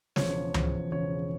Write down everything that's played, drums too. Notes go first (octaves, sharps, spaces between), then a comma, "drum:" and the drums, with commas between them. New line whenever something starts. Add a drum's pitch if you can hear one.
E1 E2 C#3 F3 C#5, drum: snare
E1 E2 C#3 F3, drum: tom C#2
E1 E2 C#3 F3 C#5